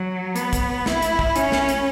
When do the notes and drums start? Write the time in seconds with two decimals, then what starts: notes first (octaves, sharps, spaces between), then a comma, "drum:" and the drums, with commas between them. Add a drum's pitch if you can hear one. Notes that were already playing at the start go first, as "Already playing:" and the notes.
Already playing: F#3
0.36 B3, drum: hi-hat
0.53 drum: kick, hi-hat
0.86 E4, drum: snare
1.02 drum: hi-hat
1.19 drum: kick
1.36 C#4, drum: hi-hat
1.52 drum: snare
1.69 drum: hi-hat